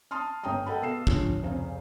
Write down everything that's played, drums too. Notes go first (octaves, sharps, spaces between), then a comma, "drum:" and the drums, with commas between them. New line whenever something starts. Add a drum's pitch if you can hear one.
A5 C6 D#6 F6
G1 C#4 G5 A#5 D#6
A4 D#5 F#5 G5 A5 B5
B2 A4 F5 C7 E7
D3 F3 C#4 D4, drum: kick
F1 C#3 C5 F5